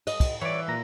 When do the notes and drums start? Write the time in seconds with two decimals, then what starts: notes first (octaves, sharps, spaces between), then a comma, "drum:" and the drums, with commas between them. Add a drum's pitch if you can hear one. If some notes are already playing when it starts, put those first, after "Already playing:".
0.07 D#5, drum: cymbal
0.20 drum: kick, cymbal
0.41 E3 C#5 D5
0.68 A#2 A#5